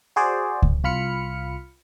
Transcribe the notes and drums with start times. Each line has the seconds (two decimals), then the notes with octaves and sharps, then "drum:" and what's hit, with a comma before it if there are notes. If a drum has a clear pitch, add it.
0.16 F#4 G#4 C5 D5
0.62 drum: kick C#2
0.84 C2 F4 B5 F6 C#7